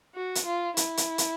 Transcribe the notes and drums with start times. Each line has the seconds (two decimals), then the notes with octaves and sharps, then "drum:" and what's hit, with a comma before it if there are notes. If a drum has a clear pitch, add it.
0.15 F#4
0.35 drum: hi-hat
0.46 F4
0.77 E4, drum: hi-hat
0.97 drum: hi-hat
1.18 drum: hi-hat